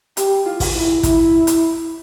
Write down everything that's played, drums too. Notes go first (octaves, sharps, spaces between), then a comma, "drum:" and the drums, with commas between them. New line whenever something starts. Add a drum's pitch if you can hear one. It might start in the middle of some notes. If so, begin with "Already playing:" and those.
G4, drum: hi-hat
F4
drum: kick, open hi-hat
E4
E4, drum: kick, hi-hat
drum: hi-hat